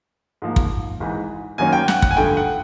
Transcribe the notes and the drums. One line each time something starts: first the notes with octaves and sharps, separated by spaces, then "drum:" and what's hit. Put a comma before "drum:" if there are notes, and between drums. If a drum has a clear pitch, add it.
G#2 F3 A#3
drum: kick
G#1 G#2 E3
F#2 D#3 F#3 A#3 C#4 G#5
G5
F#5, drum: snare
F#5, drum: kick
G#5
G2 D3 F3 A3 G5
F#5